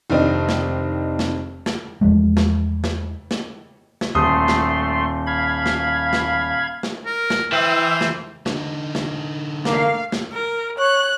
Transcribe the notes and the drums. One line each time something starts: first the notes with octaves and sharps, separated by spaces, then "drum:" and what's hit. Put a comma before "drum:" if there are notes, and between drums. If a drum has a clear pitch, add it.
F1 D#3 C4 D4 D#5
drum: snare
drum: snare
drum: snare
E2 F3 G#3 A3
drum: snare
drum: snare
drum: snare
drum: snare
D#1 A3 C6 D#6
drum: snare
F5 B5 G#6
drum: snare
drum: snare
drum: snare
A#4
drum: snare
E3 C5 E5 G5 E6
drum: snare
D3 D#4, drum: snare
drum: snare
A3 A#3 F5, drum: snare
drum: snare
A#4
C#5 F#6